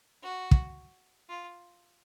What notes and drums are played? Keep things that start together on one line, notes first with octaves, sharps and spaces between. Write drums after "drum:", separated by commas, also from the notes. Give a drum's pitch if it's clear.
F#4
drum: kick
F4